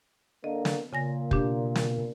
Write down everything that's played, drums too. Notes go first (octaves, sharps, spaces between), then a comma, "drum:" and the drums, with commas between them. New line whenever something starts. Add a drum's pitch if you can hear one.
D3 A#3 D#5
drum: snare
A#2 C#3 G#5 A#6
B2 D4 G4, drum: kick
drum: snare